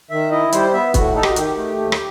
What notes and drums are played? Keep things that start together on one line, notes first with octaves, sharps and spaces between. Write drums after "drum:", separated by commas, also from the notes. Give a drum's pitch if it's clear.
D#3 E5
E4 D#5
G3 C5, drum: hi-hat
B3 E5
A2 F#4, drum: kick, hi-hat
D#4 A4
G4, drum: rim click
F#4
D#3 G4, drum: hi-hat
A3
D#2
drum: rim click